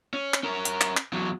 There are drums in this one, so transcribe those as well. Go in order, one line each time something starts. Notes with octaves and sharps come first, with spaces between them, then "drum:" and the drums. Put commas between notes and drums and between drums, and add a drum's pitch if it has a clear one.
C#4
drum: clap
C#4 A#4
drum: hi-hat
drum: clap
drum: clap
E2 F#3